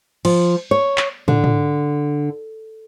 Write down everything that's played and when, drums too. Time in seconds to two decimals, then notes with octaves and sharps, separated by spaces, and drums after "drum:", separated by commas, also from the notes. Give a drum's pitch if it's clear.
0.25 F3, drum: cymbal
0.71 C#5
0.98 drum: clap
1.28 D3, drum: tom
1.44 drum: tom